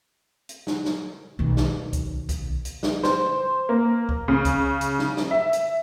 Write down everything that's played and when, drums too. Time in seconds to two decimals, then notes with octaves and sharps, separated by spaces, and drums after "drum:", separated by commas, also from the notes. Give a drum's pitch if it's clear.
0.49 drum: hi-hat
0.67 drum: snare
0.85 drum: snare
1.39 B1 D#3
1.57 drum: snare
1.93 drum: kick, hi-hat
2.29 drum: kick, hi-hat
2.65 drum: hi-hat
2.83 drum: snare
3.03 C5, drum: snare
3.69 A#3
4.09 drum: kick
4.28 C#3
4.45 drum: kick, hi-hat
4.81 drum: hi-hat
4.99 drum: snare
5.17 drum: snare
5.31 E5
5.53 drum: hi-hat